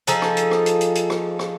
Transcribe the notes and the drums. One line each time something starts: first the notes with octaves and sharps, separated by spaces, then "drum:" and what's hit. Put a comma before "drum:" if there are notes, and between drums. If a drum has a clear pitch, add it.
F3 D#4 G#4 A4, drum: hi-hat
drum: rim click
drum: hi-hat
drum: rim click
drum: hi-hat
drum: hi-hat
drum: hi-hat
drum: rim click
drum: rim click